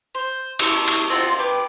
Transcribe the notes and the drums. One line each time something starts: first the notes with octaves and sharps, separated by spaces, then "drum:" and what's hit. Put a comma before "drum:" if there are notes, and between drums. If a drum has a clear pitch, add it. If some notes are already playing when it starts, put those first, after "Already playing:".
C5
E5 C#6, drum: cymbal
drum: cymbal
C4 D#4 F4 F#5
G4 B4 D6